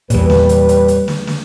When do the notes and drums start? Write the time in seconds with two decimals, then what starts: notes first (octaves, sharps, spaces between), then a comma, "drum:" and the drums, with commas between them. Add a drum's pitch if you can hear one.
0.10 E2 A#2 G3 B4, drum: kick, hi-hat
0.30 drum: snare
0.49 drum: hi-hat
0.69 drum: hi-hat
0.88 drum: hi-hat
1.08 drum: snare
1.27 drum: snare